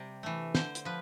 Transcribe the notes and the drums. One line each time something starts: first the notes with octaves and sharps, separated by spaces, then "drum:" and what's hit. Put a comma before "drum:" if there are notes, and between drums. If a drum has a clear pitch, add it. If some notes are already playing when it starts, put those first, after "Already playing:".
Already playing: C3 G3
E3 A3
D3 C5, drum: snare
drum: hi-hat
F3 B4